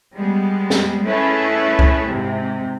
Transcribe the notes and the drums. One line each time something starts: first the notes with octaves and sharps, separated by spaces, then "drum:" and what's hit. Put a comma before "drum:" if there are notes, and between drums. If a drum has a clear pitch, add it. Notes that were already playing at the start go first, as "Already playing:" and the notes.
G3 G#3 B3
drum: snare
A3 C#4 E4 G#4 A4 B4
drum: kick C2
G#2 C3